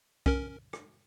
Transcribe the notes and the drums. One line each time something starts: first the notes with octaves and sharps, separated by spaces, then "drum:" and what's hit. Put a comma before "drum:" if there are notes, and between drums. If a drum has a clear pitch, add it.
C#4 A#4, drum: kick B1
drum: rim click